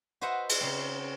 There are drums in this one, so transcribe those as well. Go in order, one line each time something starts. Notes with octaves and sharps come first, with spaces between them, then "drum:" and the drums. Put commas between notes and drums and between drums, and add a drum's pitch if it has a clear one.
F#4 B4 C5 D#5 E5 F#5
drum: cymbal
C#3 C4